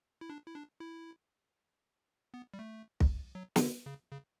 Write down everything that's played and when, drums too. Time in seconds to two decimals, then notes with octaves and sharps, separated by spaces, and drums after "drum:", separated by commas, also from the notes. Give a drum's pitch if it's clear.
0.21 E4
0.30 D4
0.46 E4
0.55 D4
0.80 E4
2.34 B3
2.54 G3
2.59 A3
3.00 drum: kick
3.35 F#3
3.56 C#3, drum: snare
3.61 D3
3.86 C#3
4.11 C#3